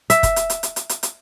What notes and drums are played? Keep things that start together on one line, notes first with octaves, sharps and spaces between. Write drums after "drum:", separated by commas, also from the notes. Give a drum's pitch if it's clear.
E5, drum: hi-hat
drum: kick, hi-hat
drum: hi-hat
drum: hi-hat
drum: hi-hat
drum: hi-hat
drum: hi-hat
drum: hi-hat